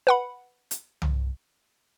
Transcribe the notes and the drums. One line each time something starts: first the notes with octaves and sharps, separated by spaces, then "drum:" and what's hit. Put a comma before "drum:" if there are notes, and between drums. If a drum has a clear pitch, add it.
B4 F#5 B5
drum: hi-hat
drum: tom C2